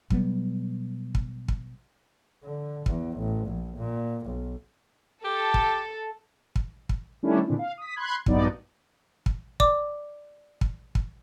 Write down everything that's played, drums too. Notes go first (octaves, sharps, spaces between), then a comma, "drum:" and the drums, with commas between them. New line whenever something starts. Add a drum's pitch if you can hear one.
B2 F#3 G3 B3, drum: kick
drum: kick
drum: kick
D3
E2, drum: kick
A1
A#1
A#2
B1
G4 A4
drum: kick
drum: kick
drum: kick
D#3 G3 A3 C#4 D4 E4
A#2 D3 G#3 C4 D4 E4
F5
D#6 B6
B5 C6 F#6 G#6
A#1 G2 F#3 B3 D#4 D5, drum: kick
drum: kick
D5 D6, drum: kick
drum: kick
drum: kick